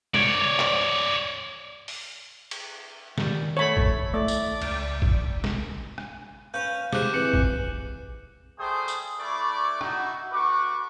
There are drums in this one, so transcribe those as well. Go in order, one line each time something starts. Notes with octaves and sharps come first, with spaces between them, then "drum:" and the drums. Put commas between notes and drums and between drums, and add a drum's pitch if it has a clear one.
C#5 D5, drum: snare
drum: clap
drum: open hi-hat
drum: cymbal
D#3 G3, drum: snare
A3 C#5 B5
drum: kick
A3 D5
drum: tambourine
C#2, drum: cymbal
drum: kick
drum: snare
drum: rim click
C#4 B4 F5 G6
G4 G#4 C5 D6 F#6 E7, drum: snare
E3 C4 B4 C#7 F#7
drum: kick
G3 A3 G#4 C5 G5 D#6
drum: tambourine
A3 E4 B4 D5 C#6 D6
D#4 E4 F#4, drum: rim click
A3 F#4 B4 C#6 D6